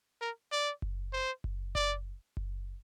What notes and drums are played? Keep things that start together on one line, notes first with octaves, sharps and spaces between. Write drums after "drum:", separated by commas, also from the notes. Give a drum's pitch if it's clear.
A#4
D5
drum: kick F#1
C5
drum: kick F#1
D5, drum: kick F#1
drum: kick F#1